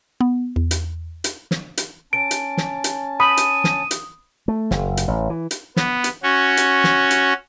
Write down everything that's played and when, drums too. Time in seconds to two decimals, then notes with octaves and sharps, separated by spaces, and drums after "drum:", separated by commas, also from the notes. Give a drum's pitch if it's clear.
0.21 B3
0.56 E2
0.71 drum: hi-hat
1.24 drum: hi-hat
1.51 drum: snare
1.77 drum: hi-hat
2.13 C#4 A5 D7
2.31 drum: hi-hat
2.57 drum: snare
2.84 drum: hi-hat
3.20 B5 D#6 D#7
3.37 drum: hi-hat
3.64 drum: snare
3.91 drum: hi-hat
4.48 A3
4.71 F#1, drum: snare
4.97 drum: hi-hat
5.08 A1
5.30 E3
5.51 drum: hi-hat
5.76 B3, drum: snare
6.04 drum: hi-hat
6.23 C#4 F#4
6.57 drum: hi-hat
6.84 drum: snare
7.11 drum: hi-hat